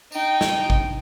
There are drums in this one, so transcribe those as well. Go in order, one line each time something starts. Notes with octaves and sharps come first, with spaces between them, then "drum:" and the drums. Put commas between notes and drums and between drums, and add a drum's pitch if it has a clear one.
D#4 G5, drum: tambourine
drum: snare
drum: kick G#1